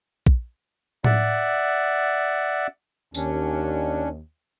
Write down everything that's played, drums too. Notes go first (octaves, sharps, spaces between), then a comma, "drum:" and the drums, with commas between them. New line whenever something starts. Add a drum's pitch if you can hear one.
drum: kick A#1
D5 E5 F#5, drum: tom A2
D#2 C#4 D4, drum: tambourine